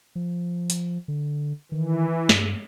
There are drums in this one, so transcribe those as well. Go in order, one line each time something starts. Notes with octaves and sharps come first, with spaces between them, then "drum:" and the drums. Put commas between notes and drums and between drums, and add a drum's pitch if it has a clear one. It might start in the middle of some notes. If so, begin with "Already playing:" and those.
F3
drum: hi-hat
D3
D#3 E3
G2, drum: snare